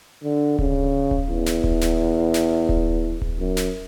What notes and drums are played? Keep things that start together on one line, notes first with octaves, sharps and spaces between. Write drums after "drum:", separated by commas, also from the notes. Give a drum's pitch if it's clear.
D3
C#3, drum: kick D1
drum: kick D1
E2
drum: snare
drum: kick D1
drum: snare
drum: snare
drum: kick D1
drum: kick D1
F#2
drum: snare